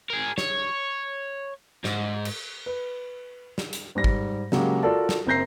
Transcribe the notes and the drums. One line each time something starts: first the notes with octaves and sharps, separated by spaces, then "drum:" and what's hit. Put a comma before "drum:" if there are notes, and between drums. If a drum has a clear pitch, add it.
G#4 A#4
C#5, drum: snare
G#2, drum: snare
drum: cymbal
B4
drum: snare
drum: hi-hat
G#2 G3 A#6
drum: kick G#1
C#3 F#3 G#3 A#3 G4, drum: snare
F4 F#4 A4 A#4 D5 A5
drum: snare
F#1 C4 A#5 G6 A#6 C7